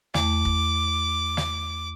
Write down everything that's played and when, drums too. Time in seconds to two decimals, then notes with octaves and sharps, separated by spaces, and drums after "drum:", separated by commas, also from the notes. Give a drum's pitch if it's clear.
0.14 E2 A3 D6, drum: snare
0.45 drum: kick
1.37 drum: snare